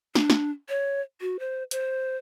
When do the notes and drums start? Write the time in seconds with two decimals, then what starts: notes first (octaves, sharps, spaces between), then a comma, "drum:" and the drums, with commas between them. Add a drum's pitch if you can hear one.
0.15 D4, drum: snare
0.30 drum: snare
0.69 C#5
1.21 F#4
1.39 C5
1.71 C5, drum: hi-hat